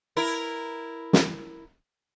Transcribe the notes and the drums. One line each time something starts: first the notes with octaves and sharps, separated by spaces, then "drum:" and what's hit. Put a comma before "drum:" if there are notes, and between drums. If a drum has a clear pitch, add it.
E4 A#4
drum: snare